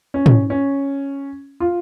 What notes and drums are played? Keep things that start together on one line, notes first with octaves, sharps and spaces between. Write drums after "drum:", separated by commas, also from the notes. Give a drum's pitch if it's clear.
C#4
drum: tom
C#4
F4